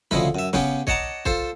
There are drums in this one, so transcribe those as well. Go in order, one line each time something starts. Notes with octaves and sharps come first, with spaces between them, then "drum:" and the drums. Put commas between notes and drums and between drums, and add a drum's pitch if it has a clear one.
D2 C#3 F3 E4 D#5 B5, drum: snare
F#2 E5
C#3 B3 C#4 G4, drum: snare
C#5 D#5 F#5 A5 A#5 D6, drum: kick
F4 A4 C5, drum: kick